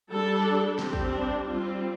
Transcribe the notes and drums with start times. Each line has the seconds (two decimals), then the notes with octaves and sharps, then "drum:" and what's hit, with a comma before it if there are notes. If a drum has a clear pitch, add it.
0.12 G3 D4 A4
0.79 G3 C4 G4, drum: snare
0.93 drum: kick
1.12 D4
1.45 G3 C4 F4